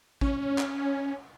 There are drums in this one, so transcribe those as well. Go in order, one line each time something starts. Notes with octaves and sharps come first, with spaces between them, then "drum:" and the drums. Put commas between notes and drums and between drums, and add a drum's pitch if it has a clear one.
C#4, drum: kick A1
drum: clap